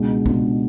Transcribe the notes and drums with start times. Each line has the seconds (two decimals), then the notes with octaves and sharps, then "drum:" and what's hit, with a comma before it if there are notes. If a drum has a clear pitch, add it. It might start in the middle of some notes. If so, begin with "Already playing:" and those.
Already playing: C#2 B2 G#3 D4
0.26 C#2 B2 G#3 D4, drum: kick B1